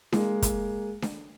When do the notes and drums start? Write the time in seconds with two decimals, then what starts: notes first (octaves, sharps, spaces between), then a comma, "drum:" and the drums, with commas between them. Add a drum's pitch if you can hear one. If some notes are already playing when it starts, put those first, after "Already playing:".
0.13 G#3 A#3, drum: snare D4
0.42 drum: kick, hi-hat
1.02 drum: snare D4